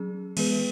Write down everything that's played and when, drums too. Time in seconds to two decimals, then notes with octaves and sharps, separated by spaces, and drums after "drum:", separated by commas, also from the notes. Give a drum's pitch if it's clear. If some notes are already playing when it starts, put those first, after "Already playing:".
Already playing: F#3 C#4 G#4
0.37 E3 G#3 B3 G#4 B4, drum: cymbal